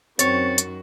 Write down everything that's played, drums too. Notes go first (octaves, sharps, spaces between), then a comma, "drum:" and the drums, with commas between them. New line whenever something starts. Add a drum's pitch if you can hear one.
F#2 D#3 C4 F#4 C#5 A6 C#7, drum: hi-hat
drum: hi-hat